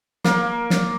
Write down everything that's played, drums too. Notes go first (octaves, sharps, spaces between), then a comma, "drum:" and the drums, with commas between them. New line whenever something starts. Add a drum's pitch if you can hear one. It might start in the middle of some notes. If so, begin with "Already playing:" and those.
A#3, drum: snare
drum: snare